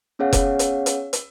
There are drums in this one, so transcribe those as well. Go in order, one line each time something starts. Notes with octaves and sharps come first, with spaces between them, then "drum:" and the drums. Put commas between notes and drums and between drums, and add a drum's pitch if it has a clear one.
B3 C#4 G#4 C#5 F5 F#5
drum: kick F1, hi-hat
drum: hi-hat
drum: hi-hat
drum: hi-hat